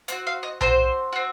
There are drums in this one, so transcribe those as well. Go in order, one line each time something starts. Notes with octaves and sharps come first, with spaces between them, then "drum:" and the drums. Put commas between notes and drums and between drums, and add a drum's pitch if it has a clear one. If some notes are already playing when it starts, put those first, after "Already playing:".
C4 F#4 F#5, drum: hi-hat
F5
D#5
C4 F#4 C5, drum: tom B1
C4 F#4